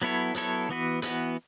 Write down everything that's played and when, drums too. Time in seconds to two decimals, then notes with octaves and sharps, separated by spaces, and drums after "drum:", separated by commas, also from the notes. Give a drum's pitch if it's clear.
0.02 F#3 B3 E4 A4 C#5
0.35 F#3 B3 E4 A4 C#5, drum: hi-hat
0.69 E3 B3 F#4 B4
1.02 E3 B3 F#4 B4, drum: hi-hat